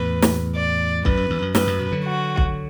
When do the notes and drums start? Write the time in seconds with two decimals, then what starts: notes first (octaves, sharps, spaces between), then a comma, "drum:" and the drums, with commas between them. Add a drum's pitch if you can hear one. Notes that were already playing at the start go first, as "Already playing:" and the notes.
Already playing: E2 A2 B4
0.22 drum: snare
0.55 D5
1.05 F#2 B4, drum: kick B1
1.17 F#2
1.30 E2
1.42 F#2
1.55 F#2 B4, drum: snare
1.67 F#2
1.79 F#2 B2
1.92 D3 F#3
2.04 F#4
2.37 drum: kick B1